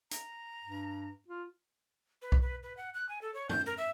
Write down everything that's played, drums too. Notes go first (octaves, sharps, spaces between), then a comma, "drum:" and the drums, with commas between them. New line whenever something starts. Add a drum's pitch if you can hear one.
A#5, drum: hi-hat
G2
F4
B4
drum: kick B1
B4
B4
F#5
F#6
G#5
A4
C#5
G6, drum: tom
A#4
E5